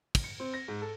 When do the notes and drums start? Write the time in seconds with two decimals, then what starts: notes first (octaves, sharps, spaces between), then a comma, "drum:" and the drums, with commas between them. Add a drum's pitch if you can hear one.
0.15 drum: kick, cymbal
0.24 C#7
0.40 C4
0.54 A#6
0.68 G#2
0.81 A4